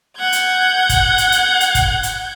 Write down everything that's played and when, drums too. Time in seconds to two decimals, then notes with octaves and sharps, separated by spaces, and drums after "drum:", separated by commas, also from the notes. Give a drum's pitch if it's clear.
0.18 F#5 G6 G#6
0.33 drum: hi-hat
0.89 drum: kick, hi-hat
1.18 drum: hi-hat
1.32 drum: hi-hat
1.60 drum: hi-hat
1.75 drum: kick, hi-hat
2.03 drum: hi-hat